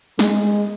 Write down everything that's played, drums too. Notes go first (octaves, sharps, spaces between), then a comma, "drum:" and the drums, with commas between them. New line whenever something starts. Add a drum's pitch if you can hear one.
G#3, drum: snare